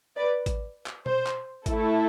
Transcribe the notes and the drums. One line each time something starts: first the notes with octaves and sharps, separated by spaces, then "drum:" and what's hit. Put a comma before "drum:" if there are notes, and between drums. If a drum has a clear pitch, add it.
B4 D5
drum: kick G#1, hi-hat
drum: clap
C5, drum: tom B2
drum: clap
A3 E4 A4, drum: kick G#1, hi-hat